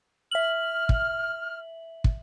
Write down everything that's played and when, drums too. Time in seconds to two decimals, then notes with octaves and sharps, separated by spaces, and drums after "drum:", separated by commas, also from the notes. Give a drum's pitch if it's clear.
0.31 E5 F6 F#7
0.89 drum: kick
2.04 drum: kick